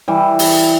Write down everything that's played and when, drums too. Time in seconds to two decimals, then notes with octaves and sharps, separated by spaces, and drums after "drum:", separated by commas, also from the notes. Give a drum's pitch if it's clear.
0.08 E3 G3
0.39 drum: open hi-hat